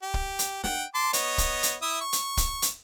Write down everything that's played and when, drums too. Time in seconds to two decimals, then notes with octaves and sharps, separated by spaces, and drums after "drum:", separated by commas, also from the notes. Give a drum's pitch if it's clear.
0.03 G4
0.14 drum: kick
0.39 drum: hi-hat
0.64 F#5 G5, drum: snare
0.95 A5 C6 D6
1.13 B3 C#5 D#5, drum: hi-hat
1.38 drum: kick, hi-hat
1.63 drum: hi-hat
1.82 E4 E5 D#6
2.01 C#6
2.13 drum: hi-hat
2.37 drum: kick, hi-hat
2.62 drum: hi-hat